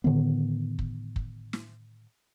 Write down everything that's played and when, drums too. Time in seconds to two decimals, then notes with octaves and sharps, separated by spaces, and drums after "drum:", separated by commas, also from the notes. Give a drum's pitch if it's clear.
0.04 A2 D3 D#3 B3
0.79 drum: kick
1.16 drum: kick
1.53 drum: snare